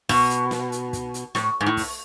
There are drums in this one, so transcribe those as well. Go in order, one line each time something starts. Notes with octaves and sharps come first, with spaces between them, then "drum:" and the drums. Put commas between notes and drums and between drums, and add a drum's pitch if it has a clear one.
B2, drum: kick, open hi-hat
drum: hi-hat
drum: snare
drum: hi-hat
drum: kick, hi-hat
drum: hi-hat
A2, drum: snare
G#2
A2
drum: kick, open hi-hat